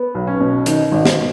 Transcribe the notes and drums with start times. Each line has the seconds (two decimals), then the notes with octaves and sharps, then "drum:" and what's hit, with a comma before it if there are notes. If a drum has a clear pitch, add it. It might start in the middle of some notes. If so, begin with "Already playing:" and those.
Already playing: B3
0.15 B1
0.27 C#4
0.40 B2
0.66 D#3 D#4, drum: hi-hat
0.92 G#1
1.05 drum: snare